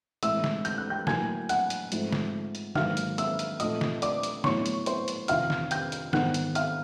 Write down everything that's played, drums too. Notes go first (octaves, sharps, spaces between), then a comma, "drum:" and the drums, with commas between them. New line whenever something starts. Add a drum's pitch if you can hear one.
A2 E3 G#3 C4 E5 E6, drum: hi-hat
drum: snare
G6, drum: hi-hat
F#6
G5 G6
A2 F#3 A#3 G#5 G#6, drum: snare
F#5 F#6, drum: hi-hat
drum: hi-hat
G#2 F3 A3 C4, drum: hi-hat
drum: snare
drum: hi-hat
G#2 D#3 F#3 A#3 F5 F6, drum: snare
drum: hi-hat
E5 E6, drum: hi-hat
drum: hi-hat
A#2 F3 A3 C4 D#5 D#6, drum: hi-hat
drum: snare
D5 D6, drum: hi-hat
drum: hi-hat
A2 F#3 B3 C#5 C#6, drum: snare
drum: hi-hat
C5 C6, drum: hi-hat
drum: hi-hat
F2 C3 D#3 F5 F6, drum: hi-hat
drum: snare
G5 G6, drum: hi-hat
drum: hi-hat
G#2 D#3 G#3 B3 F#5 F#6, drum: snare
drum: hi-hat
F5 F6, drum: hi-hat